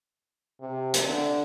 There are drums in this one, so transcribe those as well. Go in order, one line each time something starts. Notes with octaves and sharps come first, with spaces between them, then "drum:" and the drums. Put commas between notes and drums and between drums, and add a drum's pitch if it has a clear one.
C3
drum: hi-hat
D3